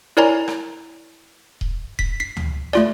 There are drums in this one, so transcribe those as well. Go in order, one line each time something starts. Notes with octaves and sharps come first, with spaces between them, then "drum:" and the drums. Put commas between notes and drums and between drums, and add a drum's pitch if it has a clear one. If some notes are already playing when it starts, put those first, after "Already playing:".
E4 A#4 C#5 D5 G#5 A#5
drum: rim click
drum: kick D#1
B6, drum: kick D#1
B6 C7
drum: tom D2
A3 F4 D5, drum: rim click